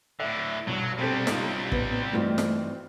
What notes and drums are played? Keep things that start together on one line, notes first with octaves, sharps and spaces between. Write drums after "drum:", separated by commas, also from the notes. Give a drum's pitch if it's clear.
A2 D3 E5
B1 G2 B2 F#3
C3 G3 B3 C4 A4
C#4 D#4 F4, drum: snare
A2 B3 B4, drum: kick
G2 E3 A3 C4 D#4 F4 F#4
drum: snare